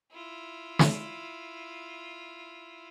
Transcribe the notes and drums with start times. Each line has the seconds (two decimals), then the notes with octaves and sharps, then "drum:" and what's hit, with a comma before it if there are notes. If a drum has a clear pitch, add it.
0.13 E4 F4
0.79 drum: snare